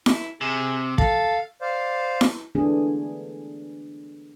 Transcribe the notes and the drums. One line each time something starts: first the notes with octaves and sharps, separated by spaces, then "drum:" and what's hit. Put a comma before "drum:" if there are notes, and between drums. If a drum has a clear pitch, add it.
E4, drum: snare E4
C3 G#4
A4 F5, drum: kick
C5 D5 F5
drum: snare E4
D3 E3 A3 B3 D4 G#4